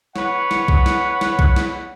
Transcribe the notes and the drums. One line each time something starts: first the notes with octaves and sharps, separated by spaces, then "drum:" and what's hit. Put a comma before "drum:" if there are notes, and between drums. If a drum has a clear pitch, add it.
B4 C#5 F#5, drum: snare
drum: snare
drum: kick B1
drum: snare
drum: snare
drum: kick B1
drum: snare